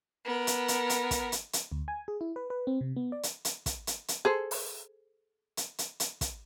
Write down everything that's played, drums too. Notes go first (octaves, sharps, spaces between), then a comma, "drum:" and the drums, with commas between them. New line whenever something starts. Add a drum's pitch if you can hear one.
B3 A#4
drum: hi-hat
drum: hi-hat
drum: hi-hat
drum: kick, hi-hat
drum: hi-hat
drum: hi-hat
D2
G#5
G#4
E4
B4
B4
C4
C3
B3
D5
drum: hi-hat
drum: hi-hat
drum: kick, hi-hat
drum: hi-hat
drum: hi-hat
G#4 A4 C5
drum: open hi-hat
drum: hi-hat
drum: hi-hat
drum: hi-hat
drum: kick, hi-hat